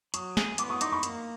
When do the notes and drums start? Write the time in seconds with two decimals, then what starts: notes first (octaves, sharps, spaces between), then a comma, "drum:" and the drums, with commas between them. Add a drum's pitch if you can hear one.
0.14 F#3 C#6 D#6, drum: hi-hat
0.37 G#4, drum: snare
0.58 B3 C6 D6, drum: hi-hat
0.70 C#6 D#6
0.81 D#4 C6 D6, drum: hi-hat
0.92 B5 C#6
1.03 A#3, drum: hi-hat